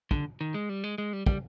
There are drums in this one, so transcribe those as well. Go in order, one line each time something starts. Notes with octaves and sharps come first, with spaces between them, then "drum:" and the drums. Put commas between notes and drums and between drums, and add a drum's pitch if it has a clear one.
D3, drum: kick
D#3
G#3
G3
G#3
G#3
G3
G3, drum: kick